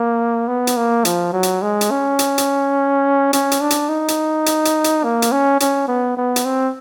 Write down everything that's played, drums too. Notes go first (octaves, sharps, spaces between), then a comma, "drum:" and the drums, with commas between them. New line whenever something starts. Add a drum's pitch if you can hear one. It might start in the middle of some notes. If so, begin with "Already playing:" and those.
Already playing: A#3
B3
drum: hi-hat
A#3
F3, drum: hi-hat
F#3
drum: hi-hat
G#3
drum: hi-hat
C#4
drum: hi-hat
drum: hi-hat
C#4, drum: hi-hat
drum: hi-hat
D4
drum: hi-hat
D#4
drum: hi-hat
drum: hi-hat
drum: hi-hat
drum: hi-hat
A#3
drum: hi-hat
C#4
C#4, drum: hi-hat
B3
B3
drum: hi-hat
C4